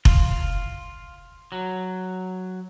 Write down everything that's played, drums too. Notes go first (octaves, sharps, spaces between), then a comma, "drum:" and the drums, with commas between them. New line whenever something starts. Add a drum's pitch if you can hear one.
F4, drum: kick F1
F#3